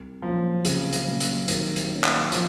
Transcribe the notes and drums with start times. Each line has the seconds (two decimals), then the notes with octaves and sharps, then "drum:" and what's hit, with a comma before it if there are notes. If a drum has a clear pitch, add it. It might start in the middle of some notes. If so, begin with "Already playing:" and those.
Already playing: C2
0.22 A#2 F3 F#3 A#3 C#4
0.65 C2 C#3, drum: hi-hat
0.93 drum: hi-hat
1.07 A#2 F#3 A#3 C#4
1.20 drum: hi-hat
1.48 C2 D#3, drum: hi-hat
1.76 drum: hi-hat
1.91 A#2 F#3 A#3 C#4
2.04 drum: clap
2.32 F3, drum: hi-hat